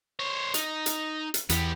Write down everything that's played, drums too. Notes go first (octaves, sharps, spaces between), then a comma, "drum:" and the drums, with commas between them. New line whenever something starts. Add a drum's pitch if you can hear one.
C5 C#5
D#4, drum: hi-hat
drum: hi-hat
drum: hi-hat
E2 B3 G4, drum: hi-hat